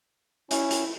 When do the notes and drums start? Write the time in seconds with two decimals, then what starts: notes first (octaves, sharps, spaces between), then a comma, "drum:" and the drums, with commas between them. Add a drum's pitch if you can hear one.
0.51 C#4 E4, drum: hi-hat
0.71 drum: hi-hat